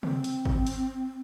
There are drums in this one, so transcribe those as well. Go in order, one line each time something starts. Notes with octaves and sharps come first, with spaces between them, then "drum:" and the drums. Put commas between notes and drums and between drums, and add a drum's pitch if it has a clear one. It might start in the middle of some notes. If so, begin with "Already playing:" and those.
C4, drum: tom
drum: hi-hat
drum: kick G#1
drum: hi-hat